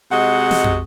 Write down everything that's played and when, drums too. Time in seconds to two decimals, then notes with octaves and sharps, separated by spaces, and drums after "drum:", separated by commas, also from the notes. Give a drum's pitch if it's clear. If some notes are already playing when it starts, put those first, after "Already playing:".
0.11 C3 G#3 F#4 D#5 F#5
0.51 drum: snare
0.64 drum: tom